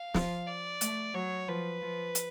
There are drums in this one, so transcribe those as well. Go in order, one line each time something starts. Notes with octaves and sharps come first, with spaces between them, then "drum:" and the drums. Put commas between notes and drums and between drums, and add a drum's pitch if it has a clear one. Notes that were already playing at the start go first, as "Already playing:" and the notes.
Already playing: F5
F3, drum: snare
D5
A3, drum: hi-hat
F#3 C#5
F3 B4
F3
drum: hi-hat